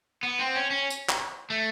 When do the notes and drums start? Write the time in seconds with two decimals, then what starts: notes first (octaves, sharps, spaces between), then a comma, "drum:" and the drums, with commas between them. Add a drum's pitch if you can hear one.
0.23 B3
0.39 C4
0.55 C#4
0.70 C#4
0.90 drum: tambourine
1.09 drum: clap
1.50 A3